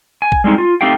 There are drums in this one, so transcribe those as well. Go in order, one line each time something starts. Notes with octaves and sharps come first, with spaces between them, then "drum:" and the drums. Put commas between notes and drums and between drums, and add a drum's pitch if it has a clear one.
G#5
drum: kick A#1
G3 G#3 C4 D4 D#4
F4
A3 C4 D#4 G4 F5 G5